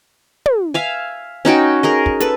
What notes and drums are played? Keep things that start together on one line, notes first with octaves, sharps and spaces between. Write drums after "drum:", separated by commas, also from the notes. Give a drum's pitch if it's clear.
drum: tom
E5 F5 G#5
C#4 D#4 F#4 G5
G#4 A#4 D#5
drum: kick
A4 B4, drum: hi-hat